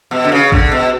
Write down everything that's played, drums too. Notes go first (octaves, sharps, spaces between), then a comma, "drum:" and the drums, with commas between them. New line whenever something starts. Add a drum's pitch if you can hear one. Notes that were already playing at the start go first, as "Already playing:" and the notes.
B2
D3
C#3
D3, drum: kick
B2